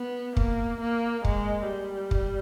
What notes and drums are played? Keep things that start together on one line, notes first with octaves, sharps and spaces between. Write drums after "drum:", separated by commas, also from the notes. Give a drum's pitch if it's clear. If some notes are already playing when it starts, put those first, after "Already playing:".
Already playing: B3
A#3, drum: kick
A#3
G#3, drum: kick
G3
drum: kick